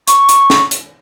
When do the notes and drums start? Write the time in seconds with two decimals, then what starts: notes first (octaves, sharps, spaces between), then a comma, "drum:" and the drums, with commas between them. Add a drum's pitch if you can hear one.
0.08 C#6, drum: hi-hat
0.29 drum: hi-hat
0.50 drum: snare
0.71 drum: hi-hat